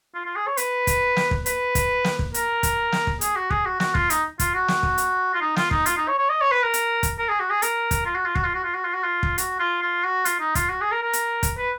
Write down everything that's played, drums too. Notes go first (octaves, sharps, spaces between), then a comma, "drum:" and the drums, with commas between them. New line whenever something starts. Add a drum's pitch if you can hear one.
F4
F4
G#4
C#5
B4, drum: hi-hat
drum: kick, hi-hat
drum: snare
drum: kick
B4, drum: hi-hat
drum: kick, hi-hat
drum: snare
drum: kick
A#4, drum: hi-hat
drum: kick, hi-hat
drum: snare
drum: kick
G#4, drum: hi-hat
F#4
G#4, drum: kick
F#4
F#4, drum: snare
F4, drum: kick
D#4, drum: hi-hat
F4, drum: kick, hi-hat
F#4
drum: snare
drum: kick
drum: hi-hat
F4
D#4
F4, drum: snare
D#4, drum: kick
F4, drum: hi-hat
D#4
C#5
C#5
D#5
C#5
B4
A#4
drum: hi-hat
drum: kick, hi-hat
A#4
G#4
F#4
G#4
A#4, drum: hi-hat
drum: kick, hi-hat
F4
F#4
F4
F#4, drum: kick
F4
F#4
F4
F#4
F4
F#4
F4
drum: kick
F#4, drum: hi-hat
F4
F4
F#4
F4, drum: hi-hat
D#4
F4, drum: kick, hi-hat
F#4
G#4
A#4
A#4
drum: hi-hat
drum: kick, hi-hat
B4